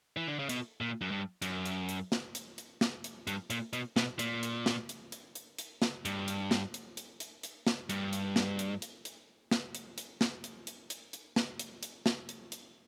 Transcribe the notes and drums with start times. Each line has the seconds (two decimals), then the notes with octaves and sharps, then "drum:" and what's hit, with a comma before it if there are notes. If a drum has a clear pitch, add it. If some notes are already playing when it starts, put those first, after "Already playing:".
0.17 E3
0.27 D3
0.39 C#3
0.49 B2, drum: hi-hat
0.81 A#2
1.01 F#2
1.11 G2
1.42 F#2, drum: hi-hat
1.66 drum: hi-hat
1.89 drum: hi-hat
2.12 drum: snare
2.35 drum: hi-hat
2.58 drum: hi-hat
2.81 drum: snare
3.04 drum: hi-hat
3.27 G2, drum: hi-hat
3.50 A#2, drum: hi-hat
3.73 B2, drum: hi-hat
3.96 B2, drum: snare
4.19 A#2, drum: hi-hat
4.43 drum: hi-hat
4.66 drum: snare
4.89 drum: hi-hat
5.12 drum: hi-hat
5.35 drum: hi-hat
5.59 drum: hi-hat
5.82 drum: snare
6.05 G2, drum: hi-hat
6.28 drum: hi-hat
6.51 drum: snare
6.74 drum: hi-hat
6.97 drum: hi-hat
7.20 drum: hi-hat
7.43 drum: hi-hat
7.67 drum: snare
7.90 G2, drum: hi-hat
8.13 drum: hi-hat
8.36 drum: snare
8.59 drum: hi-hat
8.82 drum: hi-hat
9.05 drum: hi-hat
9.51 drum: snare
9.75 drum: hi-hat
9.98 drum: hi-hat
10.21 drum: snare
10.44 drum: hi-hat
10.67 drum: hi-hat
10.90 drum: hi-hat
11.13 drum: hi-hat
11.36 drum: snare
11.59 drum: hi-hat
11.83 drum: hi-hat
12.06 drum: snare
12.29 drum: hi-hat
12.52 drum: hi-hat